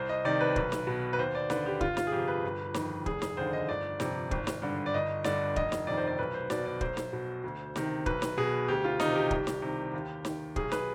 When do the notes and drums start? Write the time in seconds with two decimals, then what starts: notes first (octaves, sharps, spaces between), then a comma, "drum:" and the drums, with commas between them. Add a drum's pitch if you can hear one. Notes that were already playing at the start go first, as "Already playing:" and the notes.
Already playing: C2 C5
0.09 D#5
0.25 C3 D#3 D5
0.41 B4
0.56 B1, drum: kick
0.72 drum: snare
0.87 B2
1.13 B4
1.19 D#2 C5
1.35 D5
1.50 D3 B4, drum: snare
1.66 G4
1.81 G1 F4, drum: kick
1.97 F4, drum: snare
2.07 G#4
2.12 F2 C3 G4
2.28 B4
2.44 G1
2.74 F2 D#3, drum: snare
3.06 F1 G#4, drum: kick
3.22 G#4, drum: snare
3.37 D#2 D3 C5
3.53 D#5
3.69 G1 D5
4.00 F2 C3, drum: snare
4.31 G#1, drum: kick
4.47 drum: snare
4.62 G2 D3
4.86 D5
4.94 G1 D#5
5.24 G2 D3 D5, drum: snare
5.56 F1 D#5, drum: kick
5.72 drum: snare
5.87 F2 C3 D#3 D5
5.97 C5
6.07 D5
6.19 B1 B4
6.34 C5
6.50 B2 D5, drum: snare
6.66 D5
6.81 B1 C5, drum: kick
6.97 drum: snare
7.13 B2
7.44 D2
7.76 C3 D#3, drum: snare
8.06 B1 B4, drum: kick
8.22 drum: snare
8.37 B2 G#4
8.68 D2 G4
8.84 F4
9.00 C3 D#3 D#4, drum: snare
9.15 G4
9.31 C2, drum: kick
9.47 drum: snare
9.62 C3 D#3
9.93 D#2
10.25 D#3, drum: snare
10.56 B1 G#4, drum: kick
10.72 B4, drum: snare